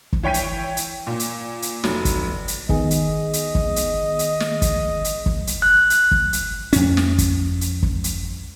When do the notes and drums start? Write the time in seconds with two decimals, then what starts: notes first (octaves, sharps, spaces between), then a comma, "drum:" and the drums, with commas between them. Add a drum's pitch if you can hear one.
0.13 drum: kick
0.23 E3 C#5 G5 B6 D#7
0.34 drum: hi-hat
0.77 drum: hi-hat
1.07 A#2
1.20 drum: hi-hat
1.62 drum: hi-hat
1.84 F1 F#3, drum: snare
2.05 drum: kick, hi-hat
2.48 drum: hi-hat
2.69 D#3 B3 G#4 D#5, drum: kick
2.91 drum: hi-hat
3.33 drum: hi-hat
3.55 drum: kick
3.76 drum: hi-hat
4.19 drum: hi-hat
4.40 drum: snare
4.62 drum: kick, hi-hat
5.04 drum: hi-hat
5.26 drum: kick
5.47 drum: hi-hat
5.62 F#6
5.90 drum: hi-hat
6.11 drum: kick
6.33 drum: hi-hat
6.73 F2 C#4, drum: hi-hat
6.97 drum: snare
7.18 drum: kick, hi-hat
7.61 drum: hi-hat
7.83 drum: kick
8.04 drum: hi-hat